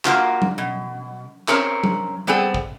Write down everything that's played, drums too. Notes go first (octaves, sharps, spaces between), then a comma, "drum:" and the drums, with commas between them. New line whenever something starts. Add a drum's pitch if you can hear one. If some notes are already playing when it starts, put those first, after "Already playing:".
A#3 F4 F#4, drum: clap
drum: tom F#3
B2
C4 C#4 A#4 C#5, drum: clap
drum: tom F#3
G3 B3 C4 G#4 A4
drum: kick